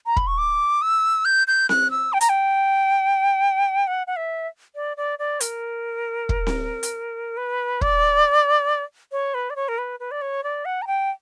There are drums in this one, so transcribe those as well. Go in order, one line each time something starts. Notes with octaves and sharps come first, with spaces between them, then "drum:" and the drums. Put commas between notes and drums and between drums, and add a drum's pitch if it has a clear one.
A#5
B5, drum: kick
C#6
D6
E6
G6
G6
F#6, drum: snare C4
E6
G5
A#5, drum: hi-hat
G5
F#5
F#5
E5
D5
D5
D5
A#4, drum: hi-hat
drum: kick
drum: snare C4
drum: hi-hat
B4
D5, drum: kick
C#5
B4
D5
C#5
A#4
B4
B4
D5
C#5
D5
F#5
A#5
G5